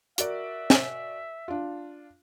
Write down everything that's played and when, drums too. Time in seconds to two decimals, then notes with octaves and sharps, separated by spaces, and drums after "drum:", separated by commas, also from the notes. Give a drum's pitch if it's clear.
0.18 F#4 A#4 D5 E5, drum: hi-hat
0.70 drum: snare
1.48 D4 F4